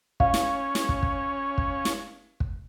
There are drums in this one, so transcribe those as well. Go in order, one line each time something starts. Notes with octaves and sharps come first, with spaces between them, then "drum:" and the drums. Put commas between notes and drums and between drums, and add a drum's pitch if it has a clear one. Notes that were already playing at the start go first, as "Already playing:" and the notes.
C#4 F5, drum: kick
drum: snare
drum: snare
drum: kick
drum: kick
drum: kick
drum: snare
drum: kick